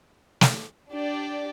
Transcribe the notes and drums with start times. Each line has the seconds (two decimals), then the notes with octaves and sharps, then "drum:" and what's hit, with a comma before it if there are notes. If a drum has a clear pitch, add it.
0.41 drum: snare
0.91 D4 G4 D5